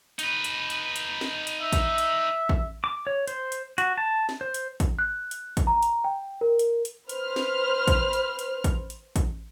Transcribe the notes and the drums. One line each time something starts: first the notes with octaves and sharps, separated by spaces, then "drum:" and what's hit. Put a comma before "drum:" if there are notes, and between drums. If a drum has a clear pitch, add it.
D#4 B4, drum: hi-hat
drum: hi-hat
drum: hi-hat
drum: hi-hat
drum: snare
drum: hi-hat
E5
drum: kick, hi-hat
drum: hi-hat
drum: kick
D6
C#5
C5, drum: hi-hat
drum: hi-hat
F#4, drum: hi-hat
A5
drum: snare
C5
drum: hi-hat
drum: kick, hi-hat
F#6
drum: hi-hat
drum: kick, hi-hat
A#5
drum: hi-hat
G5
A#4
drum: hi-hat
drum: hi-hat
B4 C5 F6, drum: hi-hat
drum: snare
drum: kick, hi-hat
drum: hi-hat
drum: hi-hat
drum: kick, hi-hat
drum: hi-hat
drum: kick, hi-hat